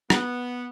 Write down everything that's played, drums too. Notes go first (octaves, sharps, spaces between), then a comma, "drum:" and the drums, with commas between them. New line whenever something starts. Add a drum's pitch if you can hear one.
B3, drum: rim click